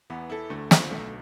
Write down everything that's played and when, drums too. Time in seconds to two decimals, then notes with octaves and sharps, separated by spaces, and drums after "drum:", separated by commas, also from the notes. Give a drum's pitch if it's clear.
0.10 E2 E3 B3
0.30 E4 A4
0.50 D2 D3 A3
0.71 C4 F4, drum: snare
0.91 B1 B2 A3